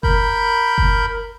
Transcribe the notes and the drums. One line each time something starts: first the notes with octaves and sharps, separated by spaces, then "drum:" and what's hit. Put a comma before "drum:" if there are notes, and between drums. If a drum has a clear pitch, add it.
A#4 B5 G6, drum: kick F#1
drum: kick F#1